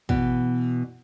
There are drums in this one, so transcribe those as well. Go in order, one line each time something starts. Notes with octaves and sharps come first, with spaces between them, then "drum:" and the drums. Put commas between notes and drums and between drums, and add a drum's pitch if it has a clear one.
B2 E3, drum: kick